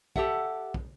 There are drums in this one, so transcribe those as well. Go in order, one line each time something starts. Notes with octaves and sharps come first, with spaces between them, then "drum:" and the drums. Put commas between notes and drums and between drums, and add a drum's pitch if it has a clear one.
G4 A4 E5 F#5, drum: kick
drum: kick